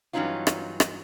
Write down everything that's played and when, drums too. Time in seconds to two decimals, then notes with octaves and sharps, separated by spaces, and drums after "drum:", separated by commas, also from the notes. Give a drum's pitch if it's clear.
0.13 G2 E3 F#3 C#4 D#4 F4
0.47 drum: rim click
0.80 drum: rim click